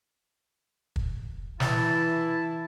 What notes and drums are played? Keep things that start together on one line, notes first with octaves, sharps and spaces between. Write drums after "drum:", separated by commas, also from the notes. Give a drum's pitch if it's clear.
drum: kick
E3 E4 A5, drum: snare